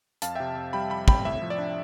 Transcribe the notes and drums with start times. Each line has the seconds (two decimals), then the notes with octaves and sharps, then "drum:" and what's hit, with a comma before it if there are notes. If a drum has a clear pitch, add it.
0.22 F2 F5 A5, drum: hi-hat
0.35 C3 E5 G5
0.56 F2
0.73 G3 G5 B5
0.90 F2 G5 B5
1.08 C3 G5 B5, drum: kick
1.25 A2 E5
1.42 F3
1.50 D5
1.58 D4